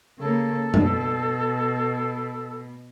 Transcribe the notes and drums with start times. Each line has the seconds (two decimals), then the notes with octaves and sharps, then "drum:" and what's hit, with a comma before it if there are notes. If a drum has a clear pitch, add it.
0.19 C#3 A#3 A4
0.74 B2, drum: tom F#2